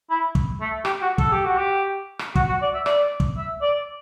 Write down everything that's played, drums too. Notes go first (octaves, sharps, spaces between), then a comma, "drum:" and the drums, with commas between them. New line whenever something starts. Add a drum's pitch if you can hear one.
E4
drum: kick
A3
G4, drum: rim click
F#4
A4, drum: kick
G4
F#4
G4
drum: rim click
F#4, drum: kick
F#4
D5
E5
D5, drum: rim click
drum: kick
E5
D5